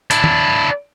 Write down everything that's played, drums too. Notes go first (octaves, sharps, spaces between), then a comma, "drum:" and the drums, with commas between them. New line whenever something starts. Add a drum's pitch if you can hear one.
D4 E4, drum: hi-hat
drum: tom